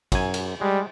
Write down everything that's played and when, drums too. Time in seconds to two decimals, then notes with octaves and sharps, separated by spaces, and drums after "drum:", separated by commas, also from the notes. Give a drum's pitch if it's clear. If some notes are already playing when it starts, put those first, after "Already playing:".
0.12 F#2 G#5, drum: kick, cymbal
0.34 drum: cymbal
0.61 G3 G#3